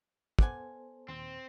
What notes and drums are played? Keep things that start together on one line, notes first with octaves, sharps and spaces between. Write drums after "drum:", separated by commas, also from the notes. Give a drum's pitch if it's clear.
B3 A4 C5 D5 F#5 G#5, drum: kick
D#2 A#2 C4